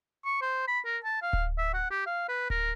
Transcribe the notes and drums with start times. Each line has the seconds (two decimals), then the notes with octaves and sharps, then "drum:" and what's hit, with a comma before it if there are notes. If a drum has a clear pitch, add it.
0.25 C#6
0.41 C5
0.67 B5
0.85 A#4
1.04 A5
1.22 F5
1.33 drum: kick D1
1.58 E5
1.74 F#5
1.90 G4
2.06 F5
2.28 B4
2.50 A#4, drum: kick D1